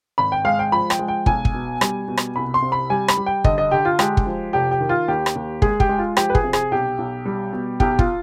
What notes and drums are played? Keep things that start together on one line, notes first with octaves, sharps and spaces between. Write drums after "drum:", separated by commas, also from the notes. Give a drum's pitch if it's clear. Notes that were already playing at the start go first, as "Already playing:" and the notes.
G#1 B5
G5
G#3 F5
G5
F3 B5
G5, drum: rim click
G#3
G5
B1 G#5, drum: kick
drum: kick
B2
G3, drum: rim click
B2
drum: rim click
C2 B5
C6
C3
B5
G3 G#5
B5, drum: rim click
G3
G5
D3 D#5, drum: kick
D#5
D3 G4
F4
G#3 G4, drum: rim click
drum: kick
F3
F1 G4
G4
D#3
F4
D#2 G4
drum: rim click
D#2
G#3 G#4, drum: kick
G4, drum: kick
G#3
F4
F3 G4, drum: rim click
B4
G#4, drum: kick
C3
G#4, drum: rim click
B1 G4
B1
G3
B2
B1 G4, drum: kick
F4, drum: kick